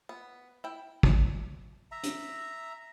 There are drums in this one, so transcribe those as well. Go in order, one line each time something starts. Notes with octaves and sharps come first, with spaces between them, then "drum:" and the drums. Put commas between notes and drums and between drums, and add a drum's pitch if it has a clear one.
B3
E4 G5
drum: kick
E5 A#5
drum: hi-hat